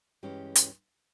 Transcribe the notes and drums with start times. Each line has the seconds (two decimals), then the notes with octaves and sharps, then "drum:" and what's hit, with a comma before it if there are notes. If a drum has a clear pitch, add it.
0.23 G2 E3 G#3 C#4 G4
0.56 drum: hi-hat